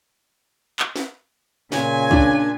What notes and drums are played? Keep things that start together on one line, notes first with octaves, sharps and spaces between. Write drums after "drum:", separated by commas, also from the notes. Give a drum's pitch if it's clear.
drum: clap
drum: snare
A#2 C#3 G#5, drum: snare
D4, drum: kick